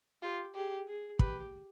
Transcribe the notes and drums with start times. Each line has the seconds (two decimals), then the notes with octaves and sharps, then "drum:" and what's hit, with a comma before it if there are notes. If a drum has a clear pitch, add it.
0.22 F4 G4
0.55 G4 G#4
0.88 G#4
1.19 G4 B4, drum: kick